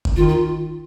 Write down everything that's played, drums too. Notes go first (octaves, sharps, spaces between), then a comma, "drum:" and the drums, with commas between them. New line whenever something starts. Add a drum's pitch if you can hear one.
drum: kick F#1
D#3 F4
F4